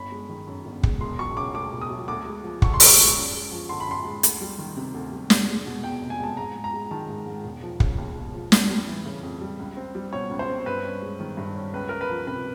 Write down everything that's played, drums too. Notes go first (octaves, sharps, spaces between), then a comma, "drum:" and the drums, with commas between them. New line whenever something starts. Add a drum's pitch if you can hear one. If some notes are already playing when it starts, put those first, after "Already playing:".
Already playing: G1 C#4 B5
G#3
D#3
F#2
G1
G#3, drum: kick
E1 C6
F#3 C#6
C#3 D6
D2 D6
E1
D#6
F#3
D2 D6
G#3
F3
D3 C#6, drum: kick
C6
D2, drum: open hi-hat
C#6
G#3
F#2
G#3
F3
D3 C6
B5
F#2 C6
G#3
D2, drum: hi-hat
G3
D#3
C3
D2
G3
F1, drum: snare
G#3
B2
E2 G5
F1
G#5
G#3 A5
G#2 A#5
G#2
A#5
G#3
D#3 A5
G#2
G#2
E1
F3
C#3, drum: kick
D#2
E1
F3
F2, drum: snare
G3
E3
C#3
F2
G3
C#2
C4
G3
B2 C#5
C#2
C5
C4
G2 B4
C#4
G#3
D#3
G2
C#4
C#2 B4
C#2 A#4
B4
F3
C3 B4